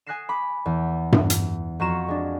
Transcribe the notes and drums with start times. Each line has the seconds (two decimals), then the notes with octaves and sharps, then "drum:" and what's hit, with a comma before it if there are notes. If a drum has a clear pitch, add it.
0.06 G#5 D#6 F#6 A#6 C7 E7
0.29 B5 D6
0.66 E2
1.12 drum: tom G2
1.30 drum: hi-hat
1.80 F2 F4 F#4 A#5 C#6 E7
2.08 G#3 D4